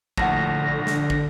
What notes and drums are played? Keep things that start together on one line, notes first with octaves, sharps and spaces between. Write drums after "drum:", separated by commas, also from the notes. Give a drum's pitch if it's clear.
A#1 A2 D3 F#5 A5 A#6, drum: kick
drum: snare
drum: kick